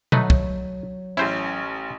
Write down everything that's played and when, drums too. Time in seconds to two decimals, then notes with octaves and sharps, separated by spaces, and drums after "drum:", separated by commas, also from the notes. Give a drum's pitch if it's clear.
0.12 F#3 A3 D#4 B4, drum: tom B2
0.30 drum: kick
1.17 A1 C#4 E4 C5